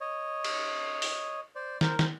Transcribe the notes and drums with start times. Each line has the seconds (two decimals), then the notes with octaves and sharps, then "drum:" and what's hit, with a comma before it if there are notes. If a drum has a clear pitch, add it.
0.01 C#5 D#5
0.44 drum: cymbal
1.02 drum: open hi-hat
1.55 C5 D5
1.81 A#4 C5, drum: snare
1.99 C5, drum: snare